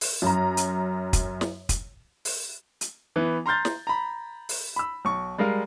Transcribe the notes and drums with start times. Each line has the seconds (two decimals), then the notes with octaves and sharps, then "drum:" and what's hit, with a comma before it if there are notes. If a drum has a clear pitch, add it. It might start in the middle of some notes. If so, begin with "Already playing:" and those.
0.01 drum: open hi-hat
0.22 F#2 A#5
0.57 drum: hi-hat
1.13 drum: kick, hi-hat
1.41 drum: snare
1.69 drum: kick, hi-hat
2.25 drum: open hi-hat
2.81 drum: hi-hat
3.16 E3 B3
3.46 A#5 C6 F6 G6 A6
3.65 drum: snare
3.87 A#5 B5
4.49 drum: open hi-hat
4.76 B5 E6
5.05 B1 C#6
5.38 G3 G#3 A#4 F5